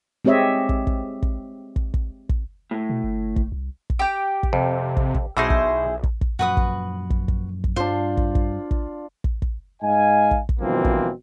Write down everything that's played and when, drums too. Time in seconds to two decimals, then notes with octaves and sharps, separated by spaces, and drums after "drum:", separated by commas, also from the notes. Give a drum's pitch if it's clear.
0.25 G#3 C4 G4 C#5 D#5 E5
0.69 drum: kick
0.87 drum: kick
1.22 drum: kick
1.76 drum: kick
1.94 drum: kick
2.29 drum: kick
2.71 A2
2.90 B2
3.04 G1
3.36 drum: kick
3.52 C2
3.90 drum: kick
3.99 G4 G5
4.43 drum: kick
4.53 F2 C3
4.97 drum: kick
5.14 drum: kick
5.37 B1 B2 D#4 E4 G#4 C5
5.50 drum: kick
6.03 drum: kick
6.21 drum: kick
6.39 F#2 A#2 F3 F#4 B4 D#6
6.57 drum: kick
7.10 drum: kick
7.28 drum: kick
7.64 drum: kick
7.76 G2 G3 D4 F4 C5
8.17 drum: kick
8.35 drum: kick
8.71 drum: kick
9.24 drum: kick
9.42 drum: kick
9.82 G#2 D#5 F5 G#5
10.31 drum: kick
10.49 drum: kick
10.59 G1 B2 E3 F3 A#3 C4
10.84 drum: kick